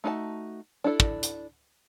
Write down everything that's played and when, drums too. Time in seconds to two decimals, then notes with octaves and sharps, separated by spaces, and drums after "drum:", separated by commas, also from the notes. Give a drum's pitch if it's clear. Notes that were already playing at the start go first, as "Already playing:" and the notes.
0.04 A3 D#4 F#4 C5 A5
0.84 D4 E4 A4 D5
1.00 drum: kick
1.23 drum: hi-hat